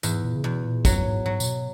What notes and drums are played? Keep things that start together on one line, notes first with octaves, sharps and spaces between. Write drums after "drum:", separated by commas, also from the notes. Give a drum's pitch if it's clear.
E2 G#2, drum: tambourine
A#2
C#3
E2 B2
A#2
F#2 F#3, drum: kick, tambourine
G#2
G#2 F#3
A#2, drum: tambourine
B2